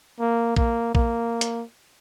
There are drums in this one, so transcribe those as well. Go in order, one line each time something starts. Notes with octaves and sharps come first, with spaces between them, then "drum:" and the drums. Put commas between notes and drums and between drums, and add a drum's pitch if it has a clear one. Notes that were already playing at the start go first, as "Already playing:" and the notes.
A#3
A#3, drum: kick A#1
A#3, drum: kick A#1
drum: hi-hat